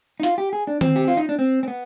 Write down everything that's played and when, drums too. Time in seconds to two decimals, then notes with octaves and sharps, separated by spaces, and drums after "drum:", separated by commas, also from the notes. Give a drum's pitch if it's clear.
0.20 D#4
0.23 F4, drum: hi-hat
0.38 G4
0.53 G#4
0.67 D4
0.81 C4, drum: tom D#3
0.96 G4
1.08 F4
1.17 D#4
1.29 D4
1.39 C4
1.63 C4
1.68 B3